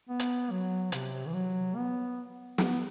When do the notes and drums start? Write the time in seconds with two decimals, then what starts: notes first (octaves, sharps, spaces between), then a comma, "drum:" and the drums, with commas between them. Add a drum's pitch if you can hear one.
0.09 B3
0.20 drum: hi-hat
0.50 F#3
0.92 C3, drum: hi-hat
1.26 E3
1.34 F#3
1.76 B3
2.58 B3, drum: snare